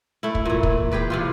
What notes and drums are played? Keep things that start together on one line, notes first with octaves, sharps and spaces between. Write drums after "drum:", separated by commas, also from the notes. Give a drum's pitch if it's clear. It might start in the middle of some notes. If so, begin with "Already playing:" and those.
A3 E4
drum: kick
A#2 E3
drum: kick
G4 G#4 B4 D5
C3 E3 F4